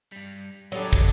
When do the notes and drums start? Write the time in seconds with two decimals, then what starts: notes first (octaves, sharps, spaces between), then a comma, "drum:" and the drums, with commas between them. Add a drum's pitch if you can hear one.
0.12 G2 G3
0.72 F#3 G3 B3 D4 A4 A#4 D#5
0.93 drum: kick